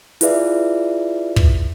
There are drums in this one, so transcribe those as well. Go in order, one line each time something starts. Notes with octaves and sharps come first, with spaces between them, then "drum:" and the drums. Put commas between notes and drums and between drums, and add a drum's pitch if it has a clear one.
E4 F4 G#4 B4 D5 E5, drum: hi-hat
drum: kick